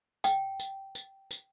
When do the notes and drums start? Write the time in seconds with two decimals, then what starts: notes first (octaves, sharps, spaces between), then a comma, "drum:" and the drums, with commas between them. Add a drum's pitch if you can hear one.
0.24 G5, drum: tambourine
0.60 drum: tambourine
0.95 drum: tambourine
1.31 drum: tambourine